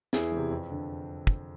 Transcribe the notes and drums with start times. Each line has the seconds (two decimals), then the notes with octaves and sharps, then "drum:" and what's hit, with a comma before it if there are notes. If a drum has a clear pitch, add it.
0.13 E2 E4 G#4, drum: snare
0.32 C3 E3
0.51 F2
0.70 D3
1.27 drum: kick